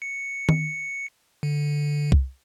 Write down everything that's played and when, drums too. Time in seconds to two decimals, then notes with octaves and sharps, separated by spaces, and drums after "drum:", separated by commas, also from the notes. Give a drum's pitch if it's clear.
0.02 C#7
0.49 drum: tom D#3
1.43 D3
2.12 drum: kick C2